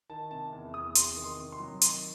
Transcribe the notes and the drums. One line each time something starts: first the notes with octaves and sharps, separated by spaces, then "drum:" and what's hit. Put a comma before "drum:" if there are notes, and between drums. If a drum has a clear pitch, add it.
D#3 A5
C3 A5
E2
E2 D#6
C3 C6, drum: hi-hat
D#3
C6
C3
C6
F#3
D#3 C6, drum: hi-hat